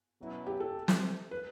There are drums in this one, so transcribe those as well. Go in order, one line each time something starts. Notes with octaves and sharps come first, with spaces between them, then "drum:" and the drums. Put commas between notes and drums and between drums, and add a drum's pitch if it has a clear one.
B2 F#3 C#4 E4
G4
A4
drum: snare
B4